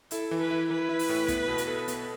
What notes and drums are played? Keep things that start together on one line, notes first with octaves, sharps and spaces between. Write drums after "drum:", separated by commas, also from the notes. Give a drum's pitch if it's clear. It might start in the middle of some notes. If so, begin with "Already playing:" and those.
E4 A4, drum: hi-hat
E3
B4
E4
E3 B4
E4
drum: open hi-hat
A2
B3, drum: kick, hi-hat
B2
drum: hi-hat
A4
B3, drum: hi-hat